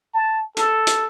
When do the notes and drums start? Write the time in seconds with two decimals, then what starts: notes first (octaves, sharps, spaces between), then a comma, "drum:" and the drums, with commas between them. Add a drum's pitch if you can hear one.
0.14 A5
0.57 A4, drum: hi-hat
0.87 drum: hi-hat